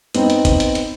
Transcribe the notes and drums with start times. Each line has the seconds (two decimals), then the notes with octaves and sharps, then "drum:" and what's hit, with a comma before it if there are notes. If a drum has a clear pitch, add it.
0.15 B3 C4 D#4, drum: hi-hat
0.30 drum: hi-hat
0.45 drum: kick, hi-hat
0.60 drum: hi-hat
0.75 drum: hi-hat